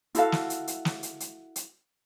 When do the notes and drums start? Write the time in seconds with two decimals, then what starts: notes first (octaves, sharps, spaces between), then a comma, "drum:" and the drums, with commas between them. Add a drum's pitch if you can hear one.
0.15 E4 F#4 A4 F5, drum: hi-hat
0.32 drum: snare
0.50 drum: hi-hat
0.67 drum: hi-hat
0.85 drum: snare
1.03 drum: hi-hat
1.20 drum: hi-hat
1.56 drum: hi-hat